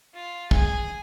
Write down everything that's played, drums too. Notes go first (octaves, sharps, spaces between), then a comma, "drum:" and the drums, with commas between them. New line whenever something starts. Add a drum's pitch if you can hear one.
F4
G#4, drum: kick